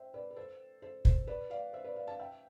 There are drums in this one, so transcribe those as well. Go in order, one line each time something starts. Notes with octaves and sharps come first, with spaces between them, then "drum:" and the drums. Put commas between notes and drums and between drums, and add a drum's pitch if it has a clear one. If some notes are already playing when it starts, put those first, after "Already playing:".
Already playing: C5 E5 G5
B4 D5
B4
A4 C5
A4 C5
A4 C5, drum: kick
B4 D5
D5 F5
C5 E5
B4 D5
D5 F5
F5 A5
E5 G5